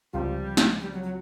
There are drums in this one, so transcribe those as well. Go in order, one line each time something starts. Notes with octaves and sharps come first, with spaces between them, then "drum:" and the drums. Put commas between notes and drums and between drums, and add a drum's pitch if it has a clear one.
C#2 C3 F3 G3
drum: snare
G3
F#3
F#3